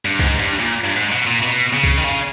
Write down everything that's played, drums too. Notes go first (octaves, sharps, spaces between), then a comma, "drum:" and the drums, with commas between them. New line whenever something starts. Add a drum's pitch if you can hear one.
G2
G#2, drum: kick B1, hi-hat
G2, drum: hi-hat
A#2
G2
G#2
B2
A#2
B2, drum: hi-hat
C#3
drum: kick B1, hi-hat
D#3
C#3, drum: hi-hat